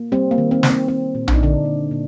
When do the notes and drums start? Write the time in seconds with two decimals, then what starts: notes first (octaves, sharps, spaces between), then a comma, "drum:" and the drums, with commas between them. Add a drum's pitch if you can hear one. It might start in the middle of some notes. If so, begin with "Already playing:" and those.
Already playing: A#3
0.12 G3 C4
0.31 A#3
0.38 D#3
0.51 C4
0.63 A#3, drum: snare
0.70 C4
0.88 A#3 C4
1.15 A#2
1.28 D4, drum: tom A#1
1.35 D#4
1.40 A#2 D3 D4
1.65 A#3
1.91 A#2